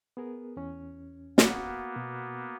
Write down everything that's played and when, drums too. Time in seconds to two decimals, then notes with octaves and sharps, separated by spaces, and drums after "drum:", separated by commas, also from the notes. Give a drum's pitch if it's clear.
0.17 B3 G#4 A#4
0.57 E2 C#4
1.38 A#3 B3 F#4, drum: snare
1.96 B2